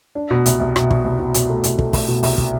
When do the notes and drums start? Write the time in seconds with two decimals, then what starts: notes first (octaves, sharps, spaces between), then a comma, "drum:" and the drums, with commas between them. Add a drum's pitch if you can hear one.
0.15 D4
0.30 B2
0.46 C2, drum: hi-hat
0.60 C2
0.76 B2, drum: rim click
0.91 B2, drum: kick
1.04 C2
1.19 B2
1.34 B2, drum: hi-hat
1.50 A3
1.64 C2, drum: hi-hat
1.79 A3, drum: kick
1.93 A3, drum: kick, open hi-hat
2.08 B2
2.23 C2, drum: open hi-hat
2.38 drum: kick